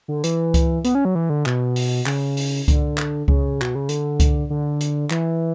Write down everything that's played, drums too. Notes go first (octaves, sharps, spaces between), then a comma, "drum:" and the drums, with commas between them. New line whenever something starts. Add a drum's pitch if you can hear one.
D3
E3, drum: hi-hat
drum: kick C#2, hi-hat
B3, drum: hi-hat
C#4
F#3
E3
D3
B2, drum: clap
drum: open hi-hat
C#3, drum: clap
drum: open hi-hat
D3, drum: kick C#2, hi-hat
drum: clap
C#3, drum: kick C#2
B2, drum: clap
C#3
D3, drum: hi-hat
drum: kick C#2, hi-hat
D3
drum: hi-hat
E3, drum: clap